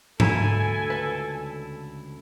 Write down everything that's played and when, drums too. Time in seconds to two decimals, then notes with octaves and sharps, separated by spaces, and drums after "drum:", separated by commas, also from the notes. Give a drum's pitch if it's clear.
0.20 D2 G2 A3 E4 A4 G#5 A#5, drum: tom G#2
0.90 C#2 B4